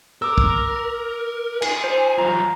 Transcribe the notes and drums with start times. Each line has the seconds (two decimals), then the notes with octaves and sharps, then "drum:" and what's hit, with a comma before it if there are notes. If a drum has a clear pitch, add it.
0.22 A#4 D6 E6
0.38 drum: kick
1.62 G#5, drum: cymbal
1.84 C5
2.18 F#3 F4 A#5